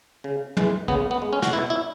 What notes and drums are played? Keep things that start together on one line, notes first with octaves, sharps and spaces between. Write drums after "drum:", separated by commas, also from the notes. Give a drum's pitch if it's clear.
C#3
E3 G#3, drum: tom
C#3 B3, drum: kick
B3
G#3
C#4
F#4, drum: snare
B2 E4
E4